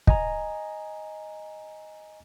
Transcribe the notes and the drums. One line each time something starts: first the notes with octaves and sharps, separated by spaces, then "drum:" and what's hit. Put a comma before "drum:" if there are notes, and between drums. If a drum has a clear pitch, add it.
D#5 G#5 A#5, drum: kick